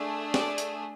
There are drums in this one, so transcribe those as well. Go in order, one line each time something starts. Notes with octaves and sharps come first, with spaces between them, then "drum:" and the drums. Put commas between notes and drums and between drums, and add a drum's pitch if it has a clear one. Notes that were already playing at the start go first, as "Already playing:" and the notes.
Already playing: A3 D4 G#4
D5, drum: snare
drum: hi-hat